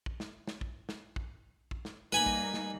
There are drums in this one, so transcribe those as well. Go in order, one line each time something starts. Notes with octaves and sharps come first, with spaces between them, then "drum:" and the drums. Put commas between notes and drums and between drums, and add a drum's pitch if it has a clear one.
drum: kick
drum: snare
drum: snare
drum: kick
drum: snare
drum: kick
drum: kick
drum: snare
G3 A#3 D#4 B4 G#5 B5, drum: snare
drum: kick
drum: snare